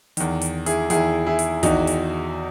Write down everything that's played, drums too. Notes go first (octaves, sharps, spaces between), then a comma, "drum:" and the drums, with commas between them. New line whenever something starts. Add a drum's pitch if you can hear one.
E2 D#3, drum: hi-hat
drum: hi-hat
E4 G#4, drum: hi-hat
E2 D#3 E4 G#4, drum: hi-hat
E4 G#4
drum: hi-hat
E2 D#3 D#4 F#4, drum: kick, hi-hat
drum: hi-hat